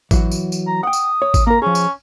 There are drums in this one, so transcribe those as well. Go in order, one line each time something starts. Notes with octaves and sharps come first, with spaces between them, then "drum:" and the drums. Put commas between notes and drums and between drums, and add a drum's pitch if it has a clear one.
E3 F#3 F#4, drum: kick A1, tambourine
drum: tambourine
drum: tambourine
A#5
F#5 G5 D#6
drum: tambourine
C#5
drum: kick A1, tambourine
A#3 A#4 A#5
F3 C#4 G#4
drum: tambourine